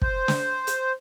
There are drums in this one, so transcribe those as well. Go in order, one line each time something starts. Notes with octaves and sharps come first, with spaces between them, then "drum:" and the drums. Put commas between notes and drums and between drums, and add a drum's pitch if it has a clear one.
C5, drum: kick
drum: snare
drum: hi-hat